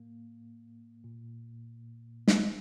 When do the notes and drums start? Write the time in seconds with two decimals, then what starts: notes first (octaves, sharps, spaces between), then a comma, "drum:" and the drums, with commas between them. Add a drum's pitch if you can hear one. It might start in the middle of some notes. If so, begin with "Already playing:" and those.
Already playing: A2 A#3
1.04 A#2
2.28 A2 A#3, drum: snare